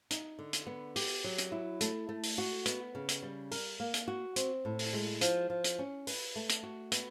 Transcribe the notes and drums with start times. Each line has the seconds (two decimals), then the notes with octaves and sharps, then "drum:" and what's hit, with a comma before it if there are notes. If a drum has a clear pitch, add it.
0.11 D#4, drum: hi-hat
0.39 D3
0.53 drum: hi-hat
0.67 B3
0.96 G4, drum: open hi-hat
1.24 F#3
1.38 drum: hi-hat
1.52 E4
1.81 A3, drum: hi-hat
2.09 A3
2.23 drum: open hi-hat
2.38 F#4
2.66 B3, drum: hi-hat
2.95 C#3
3.09 drum: hi-hat
3.23 G3
3.51 A#4, drum: open hi-hat
3.80 A#3
3.94 drum: hi-hat
4.08 F#4
4.36 C4, drum: hi-hat
4.65 A2
4.79 drum: open hi-hat
4.93 G#3
5.21 F3, drum: hi-hat
5.50 F3
5.64 drum: hi-hat
5.79 C#4
6.07 B4, drum: open hi-hat
6.36 A3
6.49 drum: hi-hat
6.63 F#4
6.92 B3, drum: hi-hat